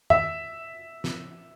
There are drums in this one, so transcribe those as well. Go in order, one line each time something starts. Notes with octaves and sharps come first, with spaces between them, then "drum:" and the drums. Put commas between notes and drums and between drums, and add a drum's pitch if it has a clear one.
E5, drum: tom F#2
drum: snare